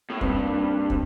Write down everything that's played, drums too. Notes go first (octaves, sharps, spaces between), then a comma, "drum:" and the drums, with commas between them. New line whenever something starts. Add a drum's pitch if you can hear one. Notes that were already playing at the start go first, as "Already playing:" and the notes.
A2
G2 C4, drum: kick
A#3
D4
C4
C4, drum: kick